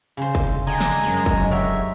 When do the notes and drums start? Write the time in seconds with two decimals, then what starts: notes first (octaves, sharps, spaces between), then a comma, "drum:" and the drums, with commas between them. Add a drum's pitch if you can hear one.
0.17 C#3 C5
0.35 drum: kick, hi-hat
0.67 D3 D#5 G5 G#5 A#5
0.80 drum: snare
1.03 F#2 G#3
1.26 drum: kick, hi-hat
1.51 D3 G4 A#4 C#5 E5